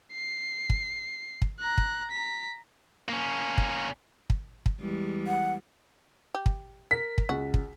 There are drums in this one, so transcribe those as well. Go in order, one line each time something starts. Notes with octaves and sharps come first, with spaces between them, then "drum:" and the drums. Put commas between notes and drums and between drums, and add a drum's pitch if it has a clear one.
C7
drum: kick
drum: kick
A#5 F#6
drum: kick
A#5 B6
A#3 C#4
drum: kick
drum: kick
drum: kick
E2 G3 G#3
F#5
G4
drum: kick
A#4 B6
drum: kick
C#2 F#4
drum: kick